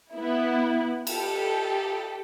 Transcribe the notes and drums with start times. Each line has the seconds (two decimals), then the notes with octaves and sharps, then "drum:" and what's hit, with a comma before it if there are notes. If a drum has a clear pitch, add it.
0.13 B3 E4
1.07 G4 A4, drum: cymbal